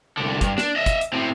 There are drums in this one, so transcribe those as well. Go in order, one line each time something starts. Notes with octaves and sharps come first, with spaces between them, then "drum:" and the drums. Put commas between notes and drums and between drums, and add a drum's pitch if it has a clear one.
C2 D3
G2, drum: kick, hi-hat
D4, drum: snare
D#5 E5
drum: kick, hi-hat
drum: hi-hat
A2 C4